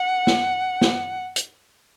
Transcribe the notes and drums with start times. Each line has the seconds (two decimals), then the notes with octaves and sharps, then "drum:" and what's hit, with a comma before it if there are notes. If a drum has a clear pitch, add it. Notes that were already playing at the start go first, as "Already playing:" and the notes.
Already playing: F#5
0.27 drum: snare
0.81 drum: snare
1.36 drum: hi-hat